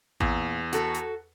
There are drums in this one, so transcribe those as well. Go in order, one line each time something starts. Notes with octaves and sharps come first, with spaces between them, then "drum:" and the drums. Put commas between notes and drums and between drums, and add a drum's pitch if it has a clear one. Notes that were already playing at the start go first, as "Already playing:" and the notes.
E2 A#2, drum: kick A1
F#4 A4, drum: hi-hat
drum: hi-hat